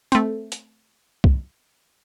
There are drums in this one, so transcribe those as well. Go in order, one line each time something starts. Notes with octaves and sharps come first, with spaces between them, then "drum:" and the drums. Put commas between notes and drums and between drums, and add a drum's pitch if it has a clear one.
A3 C4, drum: hi-hat
drum: hi-hat
drum: kick